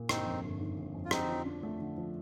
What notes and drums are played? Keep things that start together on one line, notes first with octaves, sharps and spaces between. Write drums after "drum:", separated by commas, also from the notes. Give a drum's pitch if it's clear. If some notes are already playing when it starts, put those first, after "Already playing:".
Already playing: A#2
G1 C4 D#4, drum: rim click
F2
G1
D#3
G1
F2
F4
D3 C4 D#4, drum: rim click
F3
D4
A3
D3
F3